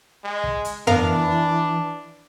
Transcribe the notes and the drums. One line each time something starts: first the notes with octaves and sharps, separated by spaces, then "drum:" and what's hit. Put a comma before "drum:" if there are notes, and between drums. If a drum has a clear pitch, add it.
G#3
drum: kick
drum: hi-hat
E3 B3 D4 A#4 F5, drum: tom F2